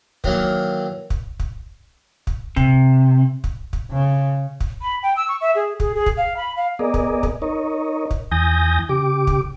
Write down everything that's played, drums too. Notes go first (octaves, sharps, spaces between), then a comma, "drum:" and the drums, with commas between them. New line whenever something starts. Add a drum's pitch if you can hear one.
D#3 E3 F#3 A#3, drum: kick
drum: kick
drum: kick
drum: kick
C3, drum: kick
drum: kick
drum: kick
C#3
drum: kick
B5
G5
E6
C#6
E5
G#4
G#4, drum: kick
G#4
drum: kick
F5
B5
F5
B3 G#4 A#4 D5 D#5
drum: kick
drum: kick
D#4 A#4 C#5 D#5
drum: kick
E2 E3 G#5 D#6 G6 A#6
C#3 G4 D6
drum: kick